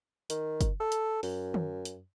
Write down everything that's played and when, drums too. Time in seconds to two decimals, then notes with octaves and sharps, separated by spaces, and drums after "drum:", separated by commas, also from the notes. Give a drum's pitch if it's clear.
0.30 D#3, drum: hi-hat
0.61 drum: kick F#1, hi-hat
0.80 A4
0.92 drum: hi-hat
1.23 F#2, drum: open hi-hat
1.54 drum: tom
1.85 drum: hi-hat